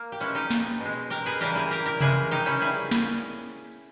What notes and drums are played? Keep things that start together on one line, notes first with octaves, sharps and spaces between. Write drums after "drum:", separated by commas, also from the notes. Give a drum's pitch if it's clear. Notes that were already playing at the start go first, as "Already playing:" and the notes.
Already playing: A#3
G4
B2 G#3 C#4 E4
D#4 G4
drum: snare
B2 G#3
G4 A#4
G#4 B4
C#3 E3 G3 G4 A#4
E4 G#4
G4 A#4
G4 A#4
C#3 E3 G#3 E4 G#4, drum: tom C3
D#4 G4
C#4 E4
C#3 G3 E4 G#4
drum: snare